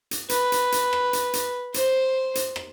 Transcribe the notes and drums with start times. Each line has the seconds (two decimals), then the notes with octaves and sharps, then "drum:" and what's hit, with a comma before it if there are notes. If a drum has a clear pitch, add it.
0.11 drum: hi-hat
0.29 B4, drum: hi-hat
0.52 drum: hi-hat
0.72 drum: hi-hat
0.93 drum: rim click
1.13 drum: hi-hat
1.33 drum: hi-hat
1.74 C5, drum: hi-hat
2.35 drum: hi-hat
2.56 drum: rim click